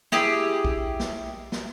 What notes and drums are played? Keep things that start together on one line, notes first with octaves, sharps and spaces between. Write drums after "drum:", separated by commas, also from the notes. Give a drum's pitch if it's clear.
E4 G4 G#4, drum: snare
drum: kick A#1
drum: snare
drum: snare